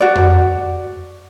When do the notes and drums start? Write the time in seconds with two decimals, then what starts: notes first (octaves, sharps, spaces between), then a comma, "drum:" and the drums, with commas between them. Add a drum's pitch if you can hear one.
0.01 F#4 D5
0.15 drum: tom F2